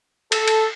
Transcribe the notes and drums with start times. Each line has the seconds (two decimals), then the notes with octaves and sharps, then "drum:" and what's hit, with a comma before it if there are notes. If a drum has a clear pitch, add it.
0.32 A4, drum: cymbal
0.48 drum: cymbal